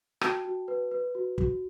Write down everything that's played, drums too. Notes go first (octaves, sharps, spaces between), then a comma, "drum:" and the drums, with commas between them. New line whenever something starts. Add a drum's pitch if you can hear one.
F#4 G5 A5, drum: rim click
F#4
B4
B4
F#4
F#4, drum: kick